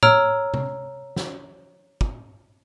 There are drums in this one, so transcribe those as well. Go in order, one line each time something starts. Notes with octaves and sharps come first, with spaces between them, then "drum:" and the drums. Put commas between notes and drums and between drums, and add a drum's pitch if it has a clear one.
C#5 A#5 E6 F6 D7, drum: tom A2
drum: tom C3
drum: snare
drum: kick